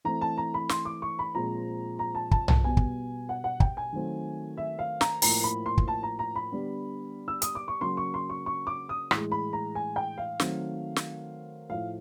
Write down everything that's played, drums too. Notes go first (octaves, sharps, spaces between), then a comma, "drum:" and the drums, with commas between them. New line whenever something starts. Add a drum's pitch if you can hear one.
E3 A3 C4 A#5
A5
A#5
B5
C6, drum: snare
D6
C#6
B5
A#2 F3 G#3 C4 A#5
A#5
A5
A5, drum: kick
A5, drum: tom B1
B2 G3 B3 G#5
drum: kick
F#5
F#5
G5, drum: kick
G#5
D#3 F#3 A3 C4
E5
F5
A#5, drum: snare
A2 F3 A#3 A#5, drum: open hi-hat
B5
C6
drum: kick
A5
A#5
A#5
B5
D3 G3 B3
E6
D#6, drum: hi-hat
D6
C#6
C#3 F#3 A#3 C6
C#6
C6
C#6
C#6
D6
D#6
A2 E3 G#3, drum: rim click
B5
A#5
G#5
G5
F5
D#3 F#3 A3 C4, drum: snare
drum: snare
A2 F3 A3 F5